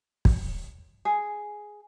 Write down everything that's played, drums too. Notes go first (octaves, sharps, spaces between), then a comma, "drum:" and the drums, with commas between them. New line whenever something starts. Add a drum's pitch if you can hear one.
drum: kick
G#4